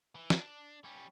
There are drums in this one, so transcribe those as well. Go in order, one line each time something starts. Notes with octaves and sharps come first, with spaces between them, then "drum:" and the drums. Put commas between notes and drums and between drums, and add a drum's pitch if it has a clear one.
E3
D4, drum: snare
G3 C#4